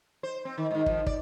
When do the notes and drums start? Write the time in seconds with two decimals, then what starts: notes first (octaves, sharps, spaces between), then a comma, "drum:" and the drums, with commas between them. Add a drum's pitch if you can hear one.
0.23 C5
0.45 C4
0.58 D#3
0.71 G#2 D#3
0.86 D#3 F3, drum: kick
1.06 D5, drum: kick